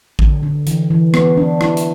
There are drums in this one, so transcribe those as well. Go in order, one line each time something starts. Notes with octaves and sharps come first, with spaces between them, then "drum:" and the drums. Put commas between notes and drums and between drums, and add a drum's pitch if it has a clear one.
D3, drum: kick A1
D3
E3, drum: hi-hat
E3
B3, drum: rim click
D4
E4, drum: rim click
drum: hi-hat